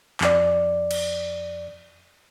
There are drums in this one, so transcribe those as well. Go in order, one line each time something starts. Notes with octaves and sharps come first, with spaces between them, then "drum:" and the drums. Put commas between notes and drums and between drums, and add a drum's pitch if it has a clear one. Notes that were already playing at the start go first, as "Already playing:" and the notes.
F2 D5, drum: clap
drum: cymbal